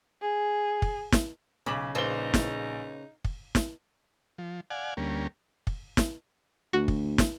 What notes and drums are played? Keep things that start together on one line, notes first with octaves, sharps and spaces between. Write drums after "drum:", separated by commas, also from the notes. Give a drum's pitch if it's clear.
G#4
drum: kick
drum: snare
B1 C#3 D6 F#7
A#1 A#3 D#4 B4 C5 G7
drum: snare
drum: kick
drum: snare
F3
D5 F5 F#5 G#5
D2 G3 A#3 C#4
drum: kick
drum: snare
D2 F#4
drum: kick
drum: snare